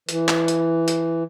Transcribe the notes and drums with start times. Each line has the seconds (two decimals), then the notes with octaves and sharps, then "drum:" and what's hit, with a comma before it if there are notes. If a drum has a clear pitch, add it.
0.09 E3, drum: hi-hat
0.28 drum: clap
0.48 drum: hi-hat
0.88 drum: hi-hat